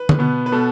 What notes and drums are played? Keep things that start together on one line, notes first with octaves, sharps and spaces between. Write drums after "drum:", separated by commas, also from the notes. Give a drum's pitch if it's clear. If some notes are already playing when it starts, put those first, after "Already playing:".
Already playing: B4
drum: tom D3
B2 B3
B4
B2 B3 A4